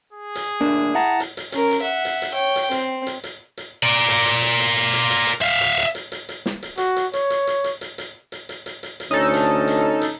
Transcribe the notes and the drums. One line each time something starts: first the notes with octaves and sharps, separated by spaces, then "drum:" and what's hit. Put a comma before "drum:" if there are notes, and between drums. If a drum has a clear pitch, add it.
G#4
drum: hi-hat
A2 D3 A#3 D4
E4 F#5 A5 A#5
drum: hi-hat
drum: hi-hat
C#4 A#4, drum: hi-hat
drum: hi-hat
E5 F#5
drum: hi-hat
drum: hi-hat
C#5 G5
drum: hi-hat
C4, drum: hi-hat
drum: hi-hat
drum: hi-hat
drum: hi-hat
A#4 D5
drum: hi-hat
drum: hi-hat
drum: hi-hat
drum: hi-hat
drum: hi-hat
drum: hi-hat
drum: hi-hat
drum: hi-hat
E5 F5
drum: hi-hat
drum: hi-hat
drum: hi-hat
drum: hi-hat
drum: hi-hat
drum: snare
drum: hi-hat
F#4, drum: hi-hat
drum: hi-hat
C#5, drum: hi-hat
drum: hi-hat
drum: hi-hat
drum: hi-hat
drum: hi-hat
drum: hi-hat
drum: hi-hat
drum: hi-hat
drum: hi-hat
drum: hi-hat
drum: hi-hat
D2 C#4 D#4 A4
drum: hi-hat
drum: hi-hat
drum: hi-hat